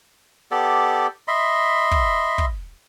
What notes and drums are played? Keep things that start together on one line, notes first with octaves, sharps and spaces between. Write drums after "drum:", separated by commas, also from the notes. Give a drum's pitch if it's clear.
B3 G4 A4 D5
D#5 E5 B5 C6
drum: kick
drum: kick